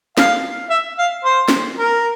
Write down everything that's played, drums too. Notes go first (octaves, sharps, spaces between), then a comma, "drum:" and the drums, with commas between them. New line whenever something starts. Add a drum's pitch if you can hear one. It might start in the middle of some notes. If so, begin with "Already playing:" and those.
F5, drum: snare
E5
F5
C5
drum: snare
A#4